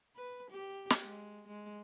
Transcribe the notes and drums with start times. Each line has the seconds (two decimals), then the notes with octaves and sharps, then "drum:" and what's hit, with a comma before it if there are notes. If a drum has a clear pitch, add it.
0.16 B4
0.51 G4
0.90 drum: snare
1.03 G#3
1.48 G#3